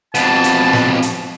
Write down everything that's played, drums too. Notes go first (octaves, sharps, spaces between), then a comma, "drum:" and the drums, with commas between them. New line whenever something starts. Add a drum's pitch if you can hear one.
F2 B2 A5, drum: hi-hat
drum: hi-hat
drum: snare
drum: hi-hat